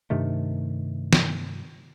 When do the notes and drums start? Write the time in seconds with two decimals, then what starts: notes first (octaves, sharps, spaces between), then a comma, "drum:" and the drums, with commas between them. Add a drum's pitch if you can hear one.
0.10 G2 C3 D#3 A3
1.13 drum: snare